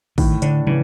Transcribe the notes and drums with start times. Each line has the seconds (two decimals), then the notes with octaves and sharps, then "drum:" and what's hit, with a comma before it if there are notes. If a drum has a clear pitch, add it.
0.18 A2 D#3, drum: kick, open hi-hat
0.42 D3 D4, drum: hi-hat
0.67 C#3 E3, drum: tom